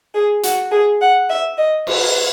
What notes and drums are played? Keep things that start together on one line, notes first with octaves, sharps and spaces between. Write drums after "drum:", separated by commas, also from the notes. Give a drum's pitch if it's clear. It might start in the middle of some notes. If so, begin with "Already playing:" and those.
G#4
F#4, drum: hi-hat
G#4
F#5
E5
D#5
B4, drum: cymbal